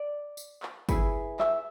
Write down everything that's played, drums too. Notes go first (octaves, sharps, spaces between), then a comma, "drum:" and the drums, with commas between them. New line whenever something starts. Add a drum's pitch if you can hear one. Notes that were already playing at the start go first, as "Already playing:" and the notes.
Already playing: D5
drum: tambourine
drum: clap
E4 G#4 B4, drum: kick, tambourine
E5, drum: clap